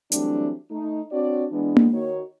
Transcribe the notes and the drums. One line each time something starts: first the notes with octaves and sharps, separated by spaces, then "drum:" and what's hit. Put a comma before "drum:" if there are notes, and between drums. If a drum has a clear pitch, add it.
E3 F#3 G3 A3 C4 D4, drum: hi-hat
A3 D#4
C4 D4 F#4 C#5 D5
E3 G#3 B3 D4
drum: tom A#3
D#3 D#4 F#4 C#5